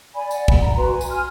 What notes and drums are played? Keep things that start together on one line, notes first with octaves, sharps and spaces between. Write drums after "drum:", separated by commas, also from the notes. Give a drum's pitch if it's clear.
D5 G#5 B5
D5 F#5, drum: tambourine
drum: kick
A#5
F#4 B4 C6
G#5
drum: tambourine
G#5 C6 F6